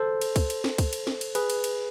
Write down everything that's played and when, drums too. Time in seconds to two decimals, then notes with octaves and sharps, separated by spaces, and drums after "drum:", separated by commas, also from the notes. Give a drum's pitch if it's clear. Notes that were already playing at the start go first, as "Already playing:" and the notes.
Already playing: A4 C5
0.21 drum: cymbal
0.36 drum: kick, cymbal
0.50 drum: cymbal
0.64 drum: snare
0.78 drum: kick, cymbal
0.93 drum: cymbal
1.07 drum: snare
1.21 drum: cymbal
1.35 G#4 B4, drum: cymbal
1.50 drum: cymbal
1.64 drum: cymbal